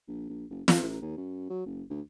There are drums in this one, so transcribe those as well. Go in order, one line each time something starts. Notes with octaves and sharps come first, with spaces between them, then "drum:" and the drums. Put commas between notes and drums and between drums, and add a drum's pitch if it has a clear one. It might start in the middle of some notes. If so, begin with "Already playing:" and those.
A#1
A#1
F#1
F2, drum: snare
A1
D#2
F#2
F#3
F#1
D2